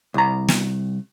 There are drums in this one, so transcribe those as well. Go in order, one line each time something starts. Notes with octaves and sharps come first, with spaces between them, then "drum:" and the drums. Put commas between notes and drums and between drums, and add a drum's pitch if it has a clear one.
C2 A#5
drum: snare